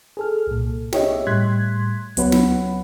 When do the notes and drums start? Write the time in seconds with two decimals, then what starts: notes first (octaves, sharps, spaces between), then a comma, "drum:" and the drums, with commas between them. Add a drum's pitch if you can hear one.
0.17 G#4 A4 F6
0.47 C2 A#2
0.93 G4 G#4 C#5 D#5 E5, drum: snare
1.27 A2 G3 C6 F#6 G#6 B6
2.17 C#2 F#3 B3 C#5 F#5 B5, drum: hi-hat
2.32 drum: snare